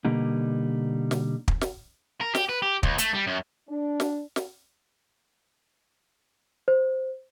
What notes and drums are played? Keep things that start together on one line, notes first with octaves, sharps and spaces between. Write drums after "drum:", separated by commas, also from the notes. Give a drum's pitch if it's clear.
B2 D3 G3 A#3 D#4
drum: snare
drum: kick
drum: snare
A#4
G4, drum: snare
B4
G4
C#2, drum: kick
A3, drum: hi-hat
G3
F#2
D4
drum: snare
drum: snare
C5